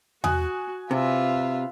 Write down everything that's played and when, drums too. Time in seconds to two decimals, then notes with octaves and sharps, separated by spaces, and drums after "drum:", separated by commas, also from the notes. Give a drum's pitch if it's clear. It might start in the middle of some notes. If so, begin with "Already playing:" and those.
0.24 F#4 G#5 D#6 F#6, drum: tom E2
0.91 C3 F4 B4 E5